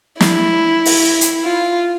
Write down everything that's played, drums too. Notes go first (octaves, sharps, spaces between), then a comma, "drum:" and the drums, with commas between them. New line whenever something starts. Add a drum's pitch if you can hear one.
E4, drum: snare
drum: open hi-hat
drum: hi-hat
F4